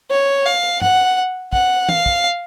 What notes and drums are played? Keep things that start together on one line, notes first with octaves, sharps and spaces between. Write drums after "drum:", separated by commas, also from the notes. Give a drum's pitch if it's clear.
C#5
F5
F#5, drum: tom G2
F#5, drum: kick
F5, drum: tom
drum: kick